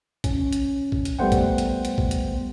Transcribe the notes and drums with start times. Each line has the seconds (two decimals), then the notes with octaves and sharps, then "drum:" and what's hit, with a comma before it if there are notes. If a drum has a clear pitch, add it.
0.24 C#4, drum: kick, hi-hat
0.53 drum: hi-hat
0.92 drum: kick
1.05 drum: hi-hat
1.19 G3 A3 B3 C5 F#5 G5
1.32 drum: kick, hi-hat
1.58 drum: hi-hat
1.85 drum: hi-hat
1.98 drum: kick
2.11 drum: hi-hat